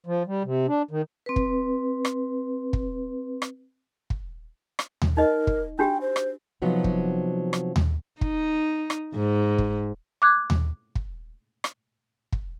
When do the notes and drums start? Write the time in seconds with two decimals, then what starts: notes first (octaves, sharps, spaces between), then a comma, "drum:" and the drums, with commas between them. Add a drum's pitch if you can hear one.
0.06 F3
0.27 G3
0.44 C3
0.68 D4
0.91 D#3
1.26 C4 B4
1.36 drum: kick
2.05 drum: rim click
2.73 drum: kick
3.42 drum: rim click
4.10 drum: kick
4.79 drum: rim click
5.02 drum: tom D#2
5.17 D#4 A#4 D#5
5.47 drum: kick
5.79 D4 F#4 G4 G5
6.01 C5
6.16 drum: rim click
6.62 C3 F3 F#3 B3 D#4 F#4
6.84 drum: kick
7.53 drum: rim click
7.76 drum: tom D#2
8.21 D#4, drum: kick
8.90 drum: rim click
9.15 G#2
9.58 drum: kick
10.22 D6 F#6 G#6
10.50 drum: tom D#2
10.95 drum: kick
11.64 drum: rim click
12.32 drum: kick